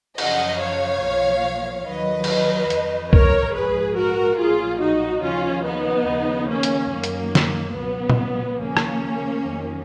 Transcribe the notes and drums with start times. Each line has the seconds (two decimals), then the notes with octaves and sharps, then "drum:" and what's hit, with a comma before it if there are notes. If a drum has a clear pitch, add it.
0.18 F#2 C#3 F3 D#5 F#5, drum: cymbal
0.60 C#5 F5
1.02 B1 A#2 F3
1.86 D#2 D#3 F#3 B4 D#5
2.24 drum: cymbal
2.70 F2 F3, drum: hi-hat
3.13 A#4 C#5, drum: kick C2
3.54 A#1 G#2 F3 G#4 B4
3.97 F#4 A#4
4.39 B1 A#2 F#3 F4 G#4
4.81 D#4 F#4
5.23 D#2 C#3 F3 C#4 F4
5.65 B3 D#4
6.07 D#2 C#3 F3
6.49 A#3 C#4
6.63 drum: hi-hat
6.91 F#2 D#3 F#3 A#3
7.04 drum: hi-hat
7.35 drum: snare
7.75 C#2 B2 F#3 B3
8.10 drum: tom A#2
8.60 D#2 C#3 F3 A#3 C#4
8.77 drum: rim click
9.44 F2 D#3 F#3